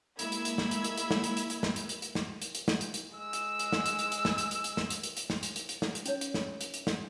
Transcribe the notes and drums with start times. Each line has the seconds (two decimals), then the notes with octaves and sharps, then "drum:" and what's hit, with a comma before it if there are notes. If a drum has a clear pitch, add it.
0.19 G#3 A#3 E4 B5 E6 G#6, drum: hi-hat
0.32 drum: hi-hat
0.45 drum: hi-hat
0.58 drum: snare
0.71 drum: hi-hat
0.84 drum: hi-hat
0.98 drum: hi-hat
1.11 drum: snare
1.24 drum: hi-hat
1.37 drum: hi-hat
1.50 drum: hi-hat
1.63 drum: snare
1.76 drum: hi-hat
1.89 drum: hi-hat
2.02 drum: hi-hat
2.15 drum: snare
2.42 drum: hi-hat
2.55 drum: hi-hat
2.68 drum: snare
2.81 drum: hi-hat
2.94 drum: hi-hat
3.16 G#3 E6
3.33 drum: hi-hat
3.59 drum: hi-hat
3.73 drum: snare
3.86 drum: hi-hat
3.99 drum: hi-hat
4.12 drum: hi-hat
4.25 drum: snare
4.38 drum: hi-hat
4.51 drum: hi-hat
4.64 drum: hi-hat
4.77 drum: snare
4.90 drum: hi-hat
5.03 drum: hi-hat
5.17 drum: hi-hat
5.30 drum: snare
5.43 drum: hi-hat
5.56 drum: hi-hat
5.69 drum: hi-hat
5.82 drum: snare
5.95 drum: hi-hat
6.06 C#4 D#4 C#5, drum: hi-hat
6.21 drum: hi-hat
6.34 drum: snare
6.61 drum: hi-hat
6.74 drum: hi-hat
6.87 drum: snare